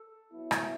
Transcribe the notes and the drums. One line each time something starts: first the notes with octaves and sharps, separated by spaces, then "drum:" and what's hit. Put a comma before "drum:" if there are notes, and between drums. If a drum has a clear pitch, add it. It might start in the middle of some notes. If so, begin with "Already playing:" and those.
Already playing: A4
F#3 B3 E4
drum: rim click